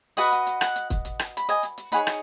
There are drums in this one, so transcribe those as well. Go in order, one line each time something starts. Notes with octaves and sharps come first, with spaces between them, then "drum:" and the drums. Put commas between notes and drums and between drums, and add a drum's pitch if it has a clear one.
F#4 B4 D#5 F#5 B5, drum: hi-hat
drum: hi-hat
drum: hi-hat
F#5, drum: rim click
drum: hi-hat
drum: kick, hi-hat
drum: hi-hat
drum: rim click
B5, drum: hi-hat
D#5 G#5, drum: hi-hat
drum: hi-hat
drum: hi-hat
D#4 G#4 C#5 F#5 B5, drum: hi-hat
drum: rim click